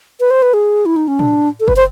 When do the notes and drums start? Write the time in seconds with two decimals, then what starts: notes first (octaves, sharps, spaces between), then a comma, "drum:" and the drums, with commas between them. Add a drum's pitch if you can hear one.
0.20 B4
0.31 C5
0.42 B4
0.54 G#4
0.86 E4
0.96 D#4
1.08 C#4
1.19 D4, drum: tom
1.60 A4
1.68 B4, drum: kick F#1
1.76 C5